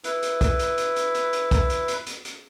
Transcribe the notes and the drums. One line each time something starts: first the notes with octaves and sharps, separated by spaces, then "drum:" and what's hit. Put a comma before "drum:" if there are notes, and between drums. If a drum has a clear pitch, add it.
E4 B4, drum: hi-hat
drum: hi-hat
drum: kick, hi-hat
drum: hi-hat
drum: hi-hat
drum: hi-hat
drum: hi-hat
drum: hi-hat
drum: kick, hi-hat
drum: hi-hat
drum: hi-hat
drum: hi-hat
drum: hi-hat